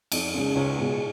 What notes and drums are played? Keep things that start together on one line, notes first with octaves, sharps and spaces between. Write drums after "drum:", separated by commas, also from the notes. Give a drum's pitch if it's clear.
F2, drum: cymbal
C#3 G#3
C#2 C#5
B2 G#3